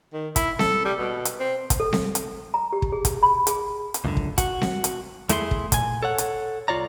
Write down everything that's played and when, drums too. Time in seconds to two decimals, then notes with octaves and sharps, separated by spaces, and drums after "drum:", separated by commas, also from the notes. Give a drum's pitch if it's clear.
0.13 D#3
0.36 E4, drum: kick, hi-hat
0.59 A4, drum: snare C4
0.85 G3
0.99 B2
1.25 drum: hi-hat
1.40 C4
1.70 drum: kick, hi-hat
1.80 A4
1.93 drum: snare C4
2.15 drum: hi-hat
2.54 A#5
2.73 G4
2.82 drum: kick
2.92 G#4
3.05 drum: kick, hi-hat
3.23 B5
3.47 G#4, drum: hi-hat
3.94 drum: hi-hat
4.04 C#2 F#2 D3
4.17 drum: kick
4.38 F#4, drum: kick, hi-hat
4.61 drum: snare C4
4.84 drum: hi-hat
5.29 E2 A3 E4 G#4 B5 C6, drum: hi-hat
5.51 drum: kick
5.72 A#2 G#5, drum: kick, hi-hat
6.03 A4 C#5 F#5
6.18 drum: hi-hat
6.68 C2 G#2 F4 C#5 D5 A#5